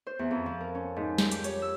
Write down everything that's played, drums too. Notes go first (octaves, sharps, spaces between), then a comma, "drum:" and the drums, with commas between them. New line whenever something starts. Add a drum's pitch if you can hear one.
C5
E2
F2
F3
A#4
C#4
G#2
G6, drum: snare
G4, drum: hi-hat
C#5, drum: hi-hat
E6